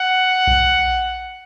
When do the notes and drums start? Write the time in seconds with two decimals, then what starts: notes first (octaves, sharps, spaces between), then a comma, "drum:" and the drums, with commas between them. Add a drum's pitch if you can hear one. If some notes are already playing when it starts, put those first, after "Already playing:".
Already playing: F#5
0.47 drum: kick B1